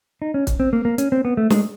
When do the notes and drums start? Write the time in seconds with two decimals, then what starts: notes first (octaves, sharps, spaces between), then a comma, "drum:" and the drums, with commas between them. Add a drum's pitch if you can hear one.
0.22 D#4
0.34 C#4
0.47 drum: kick, hi-hat
0.60 C4
0.73 A#3
0.85 A#3
0.98 C#4, drum: hi-hat
1.12 C4
1.25 B3
1.37 A3
1.50 G#3, drum: snare